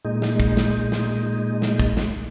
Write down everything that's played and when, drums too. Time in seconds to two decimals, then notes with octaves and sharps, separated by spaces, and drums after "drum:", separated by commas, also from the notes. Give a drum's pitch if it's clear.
0.05 A#2 G#3 D#4
0.22 drum: snare
0.40 drum: kick
0.57 drum: snare
0.92 drum: snare
1.62 drum: snare
1.80 drum: kick
1.97 drum: snare